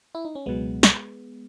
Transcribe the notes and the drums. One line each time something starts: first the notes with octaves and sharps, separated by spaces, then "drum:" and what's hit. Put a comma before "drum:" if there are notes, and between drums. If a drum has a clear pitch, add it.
E4
D#4
C#4
C#2 B2 F#3 G#3 B3
drum: snare